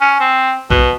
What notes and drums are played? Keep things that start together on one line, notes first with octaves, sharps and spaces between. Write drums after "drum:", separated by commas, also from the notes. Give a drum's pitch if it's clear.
C#4
C4
B2, drum: kick A#1